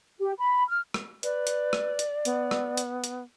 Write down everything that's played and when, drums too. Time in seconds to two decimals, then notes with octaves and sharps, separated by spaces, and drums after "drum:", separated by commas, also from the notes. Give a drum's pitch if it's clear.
0.19 G4
0.39 B5
0.68 F6
0.94 drum: rim click
1.23 B4 D5, drum: hi-hat
1.47 drum: hi-hat
1.73 drum: rim click
1.99 drum: hi-hat
2.25 B3, drum: hi-hat
2.51 drum: rim click
2.77 drum: hi-hat
3.04 drum: hi-hat